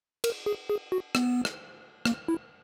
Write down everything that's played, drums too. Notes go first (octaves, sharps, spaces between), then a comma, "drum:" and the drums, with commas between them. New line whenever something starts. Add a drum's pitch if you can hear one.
A#4, drum: cymbal
G#4
G#4
F#4
B3, drum: rim click
drum: rim click
A#3, drum: rim click
E4